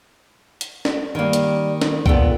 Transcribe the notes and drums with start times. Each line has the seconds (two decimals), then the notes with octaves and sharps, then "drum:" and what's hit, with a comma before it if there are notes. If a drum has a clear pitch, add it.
0.61 drum: hi-hat
0.85 drum: snare
1.15 D#3 G3 A#3
1.33 drum: hi-hat
1.82 drum: snare
2.06 A#2 B3 A4 G5, drum: kick B1